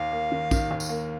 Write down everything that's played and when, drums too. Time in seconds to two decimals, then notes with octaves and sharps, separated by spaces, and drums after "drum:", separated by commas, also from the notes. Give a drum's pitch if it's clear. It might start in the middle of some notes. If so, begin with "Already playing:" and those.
Already playing: D#2 F5
0.12 A#3
0.32 D#3
0.51 D#3, drum: kick, tambourine
0.71 D#2
0.80 drum: tambourine
0.89 A#3